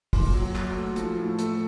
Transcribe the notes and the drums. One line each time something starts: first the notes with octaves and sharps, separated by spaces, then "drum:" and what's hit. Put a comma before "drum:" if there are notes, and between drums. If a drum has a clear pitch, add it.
A#2 C6, drum: kick, open hi-hat
F#3
F#3, drum: clap
A3
F3, drum: hi-hat
A2
A3, drum: hi-hat